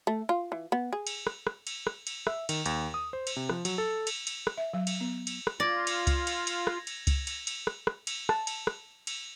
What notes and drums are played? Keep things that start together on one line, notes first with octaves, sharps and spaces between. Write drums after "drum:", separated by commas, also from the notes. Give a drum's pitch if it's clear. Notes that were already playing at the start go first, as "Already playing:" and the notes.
A3
F4
E3
B3
G#4
drum: cymbal
drum: rim click
drum: rim click
drum: cymbal
drum: rim click
drum: cymbal
E5, drum: rim click
D#3, drum: cymbal
D#2, drum: cymbal
D#6
C5
drum: cymbal
C3
F3, drum: rim click
F#3, drum: cymbal
A4
drum: cymbal
drum: cymbal
drum: rim click
E5
F#3
drum: cymbal
B3
drum: cymbal
drum: rim click
F4 D5 G#6 A#6
drum: cymbal
drum: kick C#2, cymbal
drum: cymbal
drum: cymbal
drum: rim click
drum: cymbal
drum: kick C#2, cymbal
drum: cymbal
drum: cymbal
drum: rim click
drum: rim click
drum: cymbal
A5, drum: rim click
drum: cymbal
drum: rim click
drum: cymbal